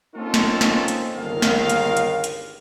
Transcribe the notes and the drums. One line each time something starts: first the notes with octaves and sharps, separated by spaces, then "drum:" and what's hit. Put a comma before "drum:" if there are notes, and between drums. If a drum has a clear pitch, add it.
A#3 C4 C#4 D#4 F4 A4
drum: snare
drum: snare
drum: hi-hat
G1 C#2 D#3 A#4 F5
drum: snare
drum: hi-hat
drum: hi-hat
drum: hi-hat